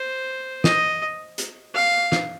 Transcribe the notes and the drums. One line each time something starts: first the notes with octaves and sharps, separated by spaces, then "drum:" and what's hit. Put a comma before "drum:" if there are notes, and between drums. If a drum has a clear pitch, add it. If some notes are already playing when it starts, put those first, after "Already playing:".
Already playing: C5
D#5, drum: snare
drum: hi-hat
F5
drum: snare